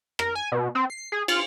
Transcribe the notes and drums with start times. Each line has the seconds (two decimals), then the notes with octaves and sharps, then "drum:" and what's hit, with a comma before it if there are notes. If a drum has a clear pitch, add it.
0.19 A#4, drum: rim click
0.35 G#5
0.52 B2
0.75 C4
0.90 C7
1.12 G#4
1.28 F4, drum: cymbal